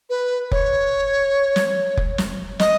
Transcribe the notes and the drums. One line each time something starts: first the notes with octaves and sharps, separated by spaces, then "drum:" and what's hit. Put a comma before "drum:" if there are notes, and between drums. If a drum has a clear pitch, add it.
B4
C#5, drum: kick F1
drum: snare
drum: kick F1
drum: snare
D#5, drum: snare